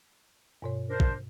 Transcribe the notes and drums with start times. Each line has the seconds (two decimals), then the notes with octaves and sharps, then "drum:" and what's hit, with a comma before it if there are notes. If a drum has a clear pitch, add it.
0.62 G2 B2 C#5
0.90 D4 A#4 C5
1.00 drum: kick